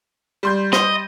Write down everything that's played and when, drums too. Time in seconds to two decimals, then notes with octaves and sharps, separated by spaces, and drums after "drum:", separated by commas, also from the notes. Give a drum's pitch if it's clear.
0.43 G3 C6 G6
0.73 D#5, drum: rim click